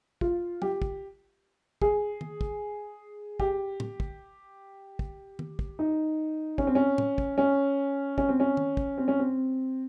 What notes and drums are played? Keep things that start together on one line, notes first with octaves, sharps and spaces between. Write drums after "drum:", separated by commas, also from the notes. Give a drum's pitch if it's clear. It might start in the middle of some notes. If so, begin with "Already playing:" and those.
F4, drum: kick
G4, drum: tom
drum: kick
G#4, drum: kick
drum: tom
drum: kick
G4, drum: kick
drum: tom A2
drum: kick
drum: kick
drum: tom
drum: kick
D#4
C#4, drum: kick
C4
C#4
drum: tom A2
drum: kick
C#4
C#4, drum: kick
C4
C#4
drum: tom
drum: kick
C4
C#4
C4